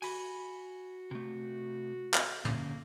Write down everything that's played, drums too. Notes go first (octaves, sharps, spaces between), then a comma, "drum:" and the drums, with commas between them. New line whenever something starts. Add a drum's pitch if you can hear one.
F#4 G#5 B5, drum: open hi-hat
C3 A3
drum: clap
D3 A#3 C#4, drum: tom